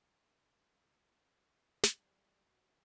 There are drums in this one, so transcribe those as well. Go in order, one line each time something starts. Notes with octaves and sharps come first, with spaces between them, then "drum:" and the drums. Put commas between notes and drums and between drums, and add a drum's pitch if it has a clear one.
G3, drum: snare
F#4